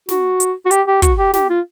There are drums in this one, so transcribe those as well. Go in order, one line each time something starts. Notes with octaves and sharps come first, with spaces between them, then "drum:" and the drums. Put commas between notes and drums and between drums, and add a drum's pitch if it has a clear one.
F#4, drum: snare
drum: hi-hat
F#4
G4, drum: hi-hat
G4
F#4, drum: kick, hi-hat
G4
G4, drum: snare
F4